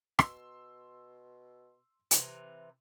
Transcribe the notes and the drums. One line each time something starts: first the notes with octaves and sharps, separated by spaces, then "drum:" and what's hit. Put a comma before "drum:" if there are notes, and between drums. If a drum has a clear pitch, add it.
B2 C6 E6, drum: rim click
C3 E3 A#5, drum: hi-hat